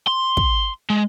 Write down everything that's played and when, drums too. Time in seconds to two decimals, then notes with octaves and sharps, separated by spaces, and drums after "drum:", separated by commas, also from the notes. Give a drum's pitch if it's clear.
0.07 C6
0.37 drum: kick
0.90 G#3